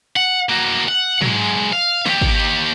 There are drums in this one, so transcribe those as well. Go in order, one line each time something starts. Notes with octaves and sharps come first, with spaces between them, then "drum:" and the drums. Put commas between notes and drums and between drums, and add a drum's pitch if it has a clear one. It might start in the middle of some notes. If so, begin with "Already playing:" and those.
F#5
A#3 F#4
F#5
F#3 G#3, drum: tom
F5
D#2 G4, drum: snare
drum: kick